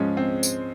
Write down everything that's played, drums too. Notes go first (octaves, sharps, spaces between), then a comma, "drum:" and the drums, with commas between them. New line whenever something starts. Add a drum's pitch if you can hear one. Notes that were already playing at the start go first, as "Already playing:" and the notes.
Already playing: G#2 F3 G#3 C#4
C4
drum: tambourine